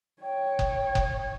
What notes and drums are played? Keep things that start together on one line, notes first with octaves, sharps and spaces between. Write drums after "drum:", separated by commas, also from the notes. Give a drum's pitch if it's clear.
C#5 G5
drum: kick F#1
drum: kick F#1